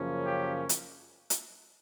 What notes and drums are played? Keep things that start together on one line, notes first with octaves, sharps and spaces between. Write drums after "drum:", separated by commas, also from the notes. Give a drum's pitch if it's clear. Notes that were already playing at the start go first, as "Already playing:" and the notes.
Already playing: F#2 C#3 F3 A#3 C#4
G4
drum: hi-hat
drum: hi-hat